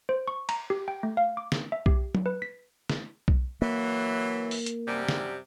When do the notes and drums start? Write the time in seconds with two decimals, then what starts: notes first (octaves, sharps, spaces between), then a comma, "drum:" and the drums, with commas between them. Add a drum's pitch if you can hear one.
0.09 C5
0.28 C#6
0.49 A#5, drum: cymbal
0.70 G4
0.88 G5
1.03 A3
1.17 F5
1.37 D6
1.52 drum: snare
1.72 E5
1.86 G4, drum: kick B1
2.15 drum: tom
2.26 B4
2.42 B6
2.90 drum: snare
3.28 drum: kick B1
3.62 E3 F#3 A#3
4.51 drum: open hi-hat
4.66 drum: hi-hat
4.87 F#2 C3 G3
5.09 drum: snare